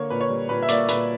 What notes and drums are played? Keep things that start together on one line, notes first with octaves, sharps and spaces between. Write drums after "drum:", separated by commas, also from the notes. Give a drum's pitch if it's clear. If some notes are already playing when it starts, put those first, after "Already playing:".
Already playing: D3 A#3 C#5
A#2 B4
C#5
G3
A#2 B4
E5
A#3 D5, drum: hi-hat
A#2 B4, drum: hi-hat